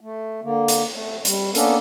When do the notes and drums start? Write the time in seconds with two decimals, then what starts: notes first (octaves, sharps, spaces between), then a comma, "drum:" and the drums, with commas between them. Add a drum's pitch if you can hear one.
0.01 A3
0.44 D3 A#3
0.68 drum: hi-hat
0.94 A3
1.25 G3, drum: hi-hat
1.55 A#3 B3 C#4 D4 A4 A#4, drum: hi-hat